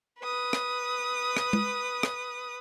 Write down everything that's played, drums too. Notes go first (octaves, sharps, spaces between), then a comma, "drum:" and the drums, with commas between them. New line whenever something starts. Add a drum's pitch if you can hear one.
B4 D#6
drum: rim click
drum: rim click
drum: tom
drum: rim click